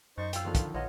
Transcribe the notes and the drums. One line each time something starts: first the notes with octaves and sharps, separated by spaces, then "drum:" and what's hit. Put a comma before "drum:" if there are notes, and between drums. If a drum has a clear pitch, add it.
F#2 D#4 C5 C#6 A6
F4 C5 F5 G5 E6 F6, drum: hi-hat
D3 D#3 F3 A4 F#5
drum: kick, hi-hat
A#1 B3 F4 C#5 D#5